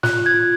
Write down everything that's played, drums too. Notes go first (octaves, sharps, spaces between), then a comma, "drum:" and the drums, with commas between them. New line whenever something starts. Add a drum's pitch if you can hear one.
F4 F#6, drum: snare
G#6
F4